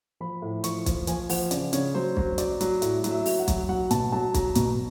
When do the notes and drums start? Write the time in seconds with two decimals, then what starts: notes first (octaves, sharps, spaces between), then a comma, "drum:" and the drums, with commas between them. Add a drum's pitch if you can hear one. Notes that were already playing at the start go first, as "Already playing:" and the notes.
0.20 F3 B5
0.42 A2
0.64 F3 C#6, drum: hi-hat
0.86 F3, drum: kick B1, hi-hat
1.07 F3 G#5, drum: hi-hat
1.29 F3 F#5, drum: open hi-hat
1.51 C#3 D5, drum: hi-hat
1.73 C#3 C#5, drum: hi-hat
1.94 F#3 C5
2.17 F#3, drum: kick B1
2.38 F#3 D5, drum: hi-hat
2.61 F#3, drum: hi-hat
2.82 A2, drum: hi-hat
3.04 F#3, drum: hi-hat
3.11 E5
3.26 F#3, drum: open hi-hat
3.39 F#5
3.48 F#3, drum: kick B1, hi-hat
3.69 F#3 F#5
3.91 B2 A5, drum: hi-hat
4.12 F#3 A5
4.34 F#3 A#5, drum: kick B1, hi-hat
4.55 B2 A#5, drum: hi-hat